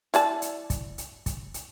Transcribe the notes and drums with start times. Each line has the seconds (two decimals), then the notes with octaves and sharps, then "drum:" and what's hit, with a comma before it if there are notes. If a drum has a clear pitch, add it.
0.14 E4 D5 A5, drum: hi-hat
0.42 drum: hi-hat
0.70 drum: kick, hi-hat
0.98 drum: hi-hat
1.26 drum: kick, hi-hat
1.54 drum: hi-hat